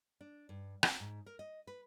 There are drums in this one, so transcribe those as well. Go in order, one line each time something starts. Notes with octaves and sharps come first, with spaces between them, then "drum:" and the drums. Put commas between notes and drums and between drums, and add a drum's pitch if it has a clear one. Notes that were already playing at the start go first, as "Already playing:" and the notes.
D4
G2
C4, drum: rim click
G#2
A#4
D#5
B4